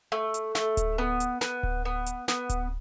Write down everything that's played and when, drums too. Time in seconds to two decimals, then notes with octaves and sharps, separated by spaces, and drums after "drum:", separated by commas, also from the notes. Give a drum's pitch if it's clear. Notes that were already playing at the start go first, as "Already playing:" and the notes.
0.12 A3
0.34 drum: hi-hat
0.55 A3, drum: snare
0.77 drum: kick D1, hi-hat
0.98 B3
1.20 drum: hi-hat
1.41 B3, drum: snare
1.63 drum: kick D1
1.85 B3
2.06 drum: hi-hat
2.28 B3, drum: snare
2.49 drum: kick D1, hi-hat